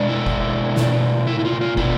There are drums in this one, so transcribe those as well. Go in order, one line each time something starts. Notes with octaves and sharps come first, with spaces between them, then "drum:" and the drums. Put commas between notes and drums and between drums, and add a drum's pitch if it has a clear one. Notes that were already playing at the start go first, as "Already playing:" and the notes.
Already playing: B2 G#3 D4
E4
drum: kick
B2 A3 D4, drum: snare
E4
E4
F4
F4
B2 B3 D4 E4, drum: kick